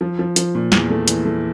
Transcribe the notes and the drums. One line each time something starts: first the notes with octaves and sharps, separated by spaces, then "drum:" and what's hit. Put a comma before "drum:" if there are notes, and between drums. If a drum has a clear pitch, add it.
F3
F3
F3, drum: hi-hat
A#2
E2, drum: snare
A3
E3, drum: hi-hat
A3